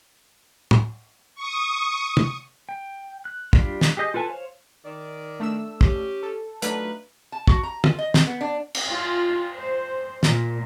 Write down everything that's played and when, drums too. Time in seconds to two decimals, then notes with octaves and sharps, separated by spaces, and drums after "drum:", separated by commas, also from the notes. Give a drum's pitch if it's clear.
0.71 drum: tom
1.35 C#6 D#6
2.17 drum: tom
2.69 G5
3.25 F#6
3.53 G3 A#3 D4 F4, drum: kick
3.81 drum: snare
3.97 G4 G#4 D#5 G6
4.14 F4 A4 B4 G#5 A5
4.30 C5 C#5 F5
4.85 D#3 D5
5.40 A3 D4 E6
5.81 C#4 G4, drum: kick
6.23 A4
6.62 F#3 A3 D4 D#4 F4 B4, drum: hi-hat
7.32 A5
7.48 F#4, drum: kick
7.63 A#5
7.84 F4, drum: tom
7.99 D#5
8.14 C4, drum: snare
8.27 B3
8.41 D4
8.74 drum: cymbal
8.89 F4
9.56 C5
10.23 A#2, drum: snare